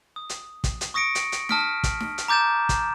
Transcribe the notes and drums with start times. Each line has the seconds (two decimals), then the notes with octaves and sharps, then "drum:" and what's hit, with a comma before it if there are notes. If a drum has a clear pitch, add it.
0.16 D#6
0.29 drum: hi-hat
0.64 drum: kick, hi-hat
0.81 drum: hi-hat
0.94 C#6 D#6 A#6 C#7 D7
1.15 drum: hi-hat
1.32 drum: hi-hat
1.49 A5 D#6 F6 B6 D7, drum: snare
1.83 drum: kick, hi-hat
2.01 drum: snare
2.18 drum: hi-hat
2.28 A#5 D6 G6 A6 E7
2.69 drum: kick, hi-hat